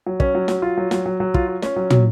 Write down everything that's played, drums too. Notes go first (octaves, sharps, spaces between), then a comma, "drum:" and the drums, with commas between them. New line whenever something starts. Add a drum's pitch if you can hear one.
F#3
C#4, drum: kick
F#3
F#3, drum: snare
F4
F#3
F#3, drum: snare
F#3
F#3
F4, drum: kick
F4
C#4, drum: snare
F#3
F#3, drum: tom